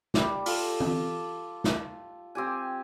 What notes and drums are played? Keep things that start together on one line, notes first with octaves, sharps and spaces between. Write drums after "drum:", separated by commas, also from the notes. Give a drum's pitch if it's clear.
G3 D6, drum: snare
F4 A4, drum: open hi-hat
drum: tom
drum: snare
C4 G4 G#5